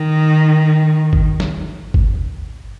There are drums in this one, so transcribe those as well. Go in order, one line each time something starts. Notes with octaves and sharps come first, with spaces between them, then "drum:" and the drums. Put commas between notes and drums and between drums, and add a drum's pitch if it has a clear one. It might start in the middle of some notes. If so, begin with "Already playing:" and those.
Already playing: D#3
drum: kick G1
drum: snare
drum: kick G1